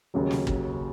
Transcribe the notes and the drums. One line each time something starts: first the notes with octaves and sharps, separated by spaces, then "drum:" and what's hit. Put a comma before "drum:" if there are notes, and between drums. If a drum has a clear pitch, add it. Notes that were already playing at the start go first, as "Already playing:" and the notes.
D#2 C#3 F#3
drum: snare
drum: kick